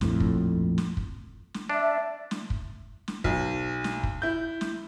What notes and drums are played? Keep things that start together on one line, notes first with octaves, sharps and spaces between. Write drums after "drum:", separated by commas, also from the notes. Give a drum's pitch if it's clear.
A#1 F2 A2, drum: snare
drum: kick
drum: snare
drum: kick
drum: snare
D4 D5 E5
drum: snare
drum: kick
drum: snare
B1, drum: kick
drum: snare
drum: kick
E4 G6
drum: snare